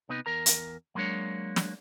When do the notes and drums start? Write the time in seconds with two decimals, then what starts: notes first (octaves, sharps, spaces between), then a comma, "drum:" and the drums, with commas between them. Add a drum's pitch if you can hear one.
0.09 C3 B3 D#4 B4
0.26 E2 A#4 A#5
0.46 drum: hi-hat
0.95 F#3 G#3 A#3 D4 C#5
1.56 drum: snare